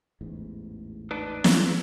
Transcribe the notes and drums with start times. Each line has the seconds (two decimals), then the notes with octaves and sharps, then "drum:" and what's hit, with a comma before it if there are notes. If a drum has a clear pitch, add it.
0.21 A1 E2 G#2
1.11 D4 D#4 B4
1.44 drum: snare